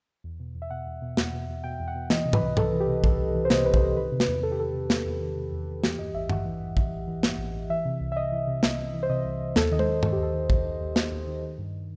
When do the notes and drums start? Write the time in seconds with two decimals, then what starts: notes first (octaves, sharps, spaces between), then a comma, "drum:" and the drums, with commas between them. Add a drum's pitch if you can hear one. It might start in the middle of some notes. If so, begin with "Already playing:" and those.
0.24 E2
0.40 B2
0.55 E2
0.62 E5
0.70 B2 F#5
0.86 E2
1.02 B2
1.17 E2, drum: snare
1.33 B2
1.48 E2
1.64 B2 G5
1.80 E2
1.87 F#5
1.95 B2
2.10 E3 D#5, drum: snare
2.26 C3
2.33 B4, drum: tom G#2
2.42 C2
2.57 C2 A4, drum: tom G#2
2.73 E3
2.80 G4
2.88 C3
3.04 C2 A4, drum: kick A1
3.19 C2
3.35 E3
3.45 C5
3.50 C3 D#5, drum: snare
3.66 C2 B4
3.74 C5, drum: kick A1
3.82 C2
3.97 D#3 B4
4.12 C3
4.20 B4, drum: snare
4.28 E2
4.43 E2 A4
4.52 G4
4.59 D#3 A4
4.74 C3
4.90 E2, drum: snare
5.06 E2
5.21 D#3
5.37 C3
5.52 E2
5.68 E2
5.84 E3 G4, drum: snare
5.98 G2 D#5
6.14 A1 E5
6.29 A1 F#5, drum: tom G2
6.45 E3
6.61 G2
6.77 A1, drum: kick A1
6.93 A1
7.08 E3
7.23 G2, drum: snare
7.38 A1
7.54 A1
7.70 E3 E5
7.85 C3
8.01 C2
8.12 E5
8.16 C2 D#5
8.32 E3
8.47 C3
8.63 C2, drum: snare
8.78 C2
8.94 E3
9.03 C5
9.09 C3 D#5
9.25 C2
9.41 C2
9.56 D#2 A4, drum: snare
9.71 D#3 D#5
9.79 C5, drum: tom G#3
9.87 D#2
10.03 D#3 A4, drum: tom G2
10.12 G4
10.18 D#2 A4
10.34 D#3
10.50 D#2, drum: kick A1
10.65 D#3
10.81 D#2
10.96 D#3, drum: snare
11.12 D#2
11.27 D#3
11.43 D#3
11.58 G2